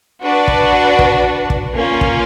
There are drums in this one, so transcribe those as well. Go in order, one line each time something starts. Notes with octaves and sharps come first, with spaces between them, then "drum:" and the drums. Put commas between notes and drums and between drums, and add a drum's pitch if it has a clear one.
D4 F#4 B4 D5
drum: kick
drum: kick
drum: kick
A#3 C#4 F4
drum: kick